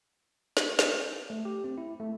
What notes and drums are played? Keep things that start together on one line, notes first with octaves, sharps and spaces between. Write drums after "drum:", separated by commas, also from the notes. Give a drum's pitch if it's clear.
drum: snare
drum: snare
A3
G4
C4
E4
A3